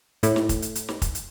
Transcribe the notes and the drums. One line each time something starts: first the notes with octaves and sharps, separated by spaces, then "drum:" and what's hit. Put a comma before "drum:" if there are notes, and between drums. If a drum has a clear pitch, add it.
A2, drum: hi-hat
drum: snare
drum: kick, hi-hat
drum: hi-hat
drum: hi-hat
drum: snare
drum: kick, hi-hat
drum: hi-hat